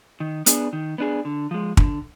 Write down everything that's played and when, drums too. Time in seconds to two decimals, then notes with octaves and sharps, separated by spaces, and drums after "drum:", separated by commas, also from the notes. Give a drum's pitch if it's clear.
0.20 D#3
0.46 B3 D4 G#4, drum: hi-hat
0.73 D#3
0.98 B3 D4 G#4
1.25 D3
1.51 F3 G#3
1.77 D3, drum: kick